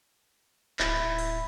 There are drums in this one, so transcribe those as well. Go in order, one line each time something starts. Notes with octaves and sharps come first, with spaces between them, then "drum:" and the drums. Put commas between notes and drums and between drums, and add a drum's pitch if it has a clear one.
D1 E4, drum: clap
drum: open hi-hat